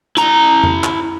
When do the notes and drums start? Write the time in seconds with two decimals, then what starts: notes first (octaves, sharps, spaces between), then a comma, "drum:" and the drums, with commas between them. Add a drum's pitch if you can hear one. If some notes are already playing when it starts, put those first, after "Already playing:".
0.17 E4 A#5, drum: hi-hat
0.64 drum: tom F2
0.84 drum: clap